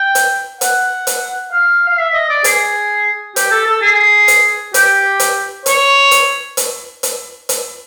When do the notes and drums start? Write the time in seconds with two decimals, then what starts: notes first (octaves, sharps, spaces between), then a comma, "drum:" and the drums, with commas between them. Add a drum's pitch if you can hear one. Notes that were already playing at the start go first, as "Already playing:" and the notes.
Already playing: G5
0.15 drum: hi-hat
0.61 F#5, drum: hi-hat
1.07 drum: hi-hat
1.52 F5
1.88 F5
1.98 E5
2.14 D#5
2.29 D5
2.44 G#4, drum: hi-hat
3.36 G4, drum: hi-hat
3.51 A4
3.67 A4
3.82 G#4
4.28 drum: hi-hat
4.74 G4, drum: hi-hat
5.20 drum: hi-hat
5.66 C#5, drum: hi-hat
6.11 drum: hi-hat
6.57 drum: hi-hat
7.03 drum: hi-hat
7.49 drum: hi-hat